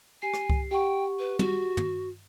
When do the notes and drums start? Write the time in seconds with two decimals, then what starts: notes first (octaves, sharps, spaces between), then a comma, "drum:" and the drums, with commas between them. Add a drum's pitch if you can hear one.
0.22 G4 G#5 C7
0.34 drum: rim click
0.50 drum: kick C2
0.71 G4 F#5 G5 C#6
1.19 B4
1.39 F#4, drum: tom
1.77 drum: tom